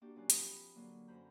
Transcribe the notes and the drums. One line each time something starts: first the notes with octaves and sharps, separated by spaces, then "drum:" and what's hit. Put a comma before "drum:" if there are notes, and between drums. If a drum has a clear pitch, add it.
A#3 D4 F#4 G4
A#2 F#3 C#4 F4 F#6
F3 C4 B5 D#6, drum: hi-hat
D3 F#3 A#3
F#2 C5 A#5 B5 G6